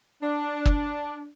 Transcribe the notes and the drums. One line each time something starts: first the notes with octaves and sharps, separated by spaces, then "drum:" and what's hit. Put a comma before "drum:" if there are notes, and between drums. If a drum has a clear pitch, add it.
D4
drum: kick